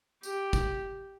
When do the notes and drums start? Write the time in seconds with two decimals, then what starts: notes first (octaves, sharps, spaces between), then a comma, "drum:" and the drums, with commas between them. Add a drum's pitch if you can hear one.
0.23 G4, drum: tambourine
0.53 drum: kick, tambourine